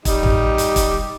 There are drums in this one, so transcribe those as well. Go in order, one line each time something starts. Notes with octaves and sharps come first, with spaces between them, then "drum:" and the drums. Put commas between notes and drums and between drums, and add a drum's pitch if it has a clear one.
G3 D#4, drum: kick, hi-hat
drum: tom A1
drum: hi-hat
drum: kick, hi-hat